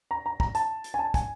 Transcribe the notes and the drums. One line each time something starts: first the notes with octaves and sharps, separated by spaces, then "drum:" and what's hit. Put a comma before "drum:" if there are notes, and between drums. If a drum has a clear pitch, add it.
A#5
A#5
A#5, drum: kick
A5, drum: hi-hat
drum: hi-hat
G#5
A5
G#5, drum: kick, hi-hat